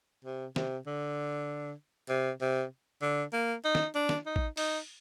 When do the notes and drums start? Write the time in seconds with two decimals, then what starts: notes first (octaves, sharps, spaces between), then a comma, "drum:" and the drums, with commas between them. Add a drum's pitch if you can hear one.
0.25 C3
0.56 C3, drum: snare
0.86 D3
2.09 C3
2.41 C3
3.02 D3
3.33 A#3
3.65 D#4
3.75 drum: snare
3.95 D4
4.09 drum: snare
4.26 D#4
4.36 drum: kick A1
4.57 D#4, drum: open hi-hat